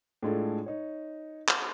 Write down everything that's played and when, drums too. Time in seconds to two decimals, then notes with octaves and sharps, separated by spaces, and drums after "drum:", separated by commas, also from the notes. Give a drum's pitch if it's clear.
0.23 A2 G#3 D4 F4 A4
0.66 D#4 C#5
1.48 drum: clap